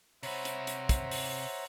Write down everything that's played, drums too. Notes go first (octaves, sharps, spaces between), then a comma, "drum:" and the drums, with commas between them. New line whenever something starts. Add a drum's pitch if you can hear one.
C3 C5 C#5 E5 F#5 A#5 B5, drum: open hi-hat
drum: hi-hat
drum: hi-hat
drum: kick, hi-hat
drum: open hi-hat